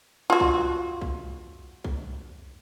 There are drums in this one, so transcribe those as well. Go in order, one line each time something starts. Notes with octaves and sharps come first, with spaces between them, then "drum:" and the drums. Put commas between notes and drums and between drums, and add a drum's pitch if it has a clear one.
F4 F#4
drum: kick B1
drum: kick B1
drum: kick B1